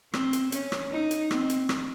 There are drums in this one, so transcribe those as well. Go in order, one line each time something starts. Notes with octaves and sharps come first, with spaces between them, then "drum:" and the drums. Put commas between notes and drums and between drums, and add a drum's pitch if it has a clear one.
C4, drum: rim click
drum: hi-hat
C#4, drum: hi-hat
drum: rim click
D#4
drum: hi-hat
C4, drum: rim click
drum: hi-hat
drum: rim click